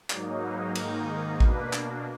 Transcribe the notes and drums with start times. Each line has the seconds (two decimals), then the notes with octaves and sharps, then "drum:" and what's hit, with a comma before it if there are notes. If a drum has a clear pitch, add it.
0.10 G#2 F#3 A#3 D#4 D5, drum: clap
0.43 B4
0.75 G#2 D#3 A#3 D#4 A#4, drum: cymbal
1.08 A#4
1.40 B2 A#3 D4 B4, drum: kick
1.73 drum: clap